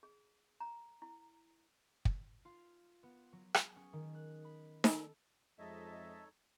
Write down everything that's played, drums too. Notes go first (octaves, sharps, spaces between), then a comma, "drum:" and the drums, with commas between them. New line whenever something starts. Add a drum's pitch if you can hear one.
G#4
A#5
E4
drum: kick
F4
B3
F#3
G#4, drum: rim click
C#4
D#3
F#6
B5
A4, drum: snare D#4
F2 G#3 D#4 A4 C#5 D#5 E5 A5